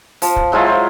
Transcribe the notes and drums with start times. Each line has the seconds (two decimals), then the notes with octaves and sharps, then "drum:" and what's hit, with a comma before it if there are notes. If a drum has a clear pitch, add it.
0.22 F3, drum: open hi-hat
0.36 drum: kick
0.52 F#3 G#3 E4 F4
0.66 C5